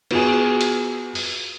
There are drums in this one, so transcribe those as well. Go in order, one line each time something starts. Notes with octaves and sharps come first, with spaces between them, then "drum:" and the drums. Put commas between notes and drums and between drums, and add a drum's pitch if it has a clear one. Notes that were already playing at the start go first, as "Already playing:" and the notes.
B3 F4 F#4 G#4, drum: cymbal
drum: hi-hat
drum: open hi-hat